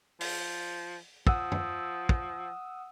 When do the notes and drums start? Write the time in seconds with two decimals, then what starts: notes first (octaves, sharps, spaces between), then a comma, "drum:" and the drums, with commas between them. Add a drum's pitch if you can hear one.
0.21 F3, drum: open hi-hat
1.27 F3 F#5 D#6 E6, drum: kick
1.52 drum: tom F#2
2.09 drum: kick